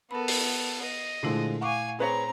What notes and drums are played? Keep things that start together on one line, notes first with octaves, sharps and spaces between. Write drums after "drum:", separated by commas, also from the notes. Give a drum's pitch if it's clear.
B3 A4 A#4 B5
drum: open hi-hat
D#5
A#2 D3 F3 G#3 A3 E4
F5 F#5 G#5 C#6 D6
C4 G#4 B4 C#5 A#5